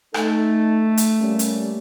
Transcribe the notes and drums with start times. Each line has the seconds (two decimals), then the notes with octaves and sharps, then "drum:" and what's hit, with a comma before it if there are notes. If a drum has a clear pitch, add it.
0.14 A3 D#4 A4, drum: rim click
0.97 drum: hi-hat
1.19 G3 A#3 C#4
1.39 drum: hi-hat